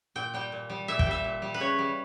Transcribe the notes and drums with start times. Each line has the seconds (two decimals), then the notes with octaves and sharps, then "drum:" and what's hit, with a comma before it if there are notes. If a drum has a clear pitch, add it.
0.15 A#2 G5
0.34 G3 G5
0.52 A#2
0.70 G3
0.88 A#2 E5
0.99 G5, drum: kick
1.07 G3 E5
1.24 A#2
1.42 G3
1.54 B4
1.60 C#3 C#5
1.79 G3